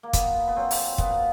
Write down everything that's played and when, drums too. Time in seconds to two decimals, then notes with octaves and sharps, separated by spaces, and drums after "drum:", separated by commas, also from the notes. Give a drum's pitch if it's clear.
0.03 A#3
0.13 A#2 B3, drum: kick, hi-hat
0.47 B3
0.56 F#3 C4
0.71 drum: open hi-hat
0.98 A#2 B3, drum: kick